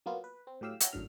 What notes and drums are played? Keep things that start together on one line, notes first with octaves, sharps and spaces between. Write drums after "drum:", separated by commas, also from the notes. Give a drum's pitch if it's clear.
F#3 A#3 B3 F4
B4
C4
A2 F#3 G4 F5 E6
F#4 C#5 E5 G5 A#5, drum: hi-hat
G#1 F#2 A2 D3 F6